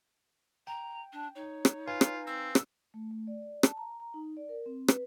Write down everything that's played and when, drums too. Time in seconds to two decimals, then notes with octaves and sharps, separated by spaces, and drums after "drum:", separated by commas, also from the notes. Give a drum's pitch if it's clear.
0.67 G5 A#5
1.13 D4
1.35 D#4 C#5
1.65 drum: rim click
1.88 F4 B4 F5 G#5
2.01 drum: rim click
2.27 C4 E6
2.55 drum: rim click
2.94 A3
3.11 A3
3.27 D5
3.42 D5
3.63 A5, drum: rim click
3.77 A#5
4.00 A#5
4.14 D#4
4.37 D5
4.49 A#4
4.66 C4
4.88 B4, drum: rim click